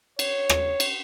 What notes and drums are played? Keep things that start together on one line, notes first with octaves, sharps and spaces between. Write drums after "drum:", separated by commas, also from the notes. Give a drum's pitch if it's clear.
C#5, drum: cymbal
drum: rim click
drum: cymbal